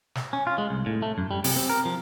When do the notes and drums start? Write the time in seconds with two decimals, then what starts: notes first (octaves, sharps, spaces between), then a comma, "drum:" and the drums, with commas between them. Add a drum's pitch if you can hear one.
0.15 drum: snare
0.33 C#4
0.47 F4
0.58 G#3
0.70 C2
0.86 A2
1.02 A3
1.18 F#2
1.31 G3
1.44 C3, drum: open hi-hat
1.56 C4
1.70 A#4
1.85 F3